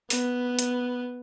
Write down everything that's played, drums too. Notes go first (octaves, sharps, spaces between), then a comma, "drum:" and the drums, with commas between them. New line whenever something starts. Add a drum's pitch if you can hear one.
B3, drum: open hi-hat
drum: hi-hat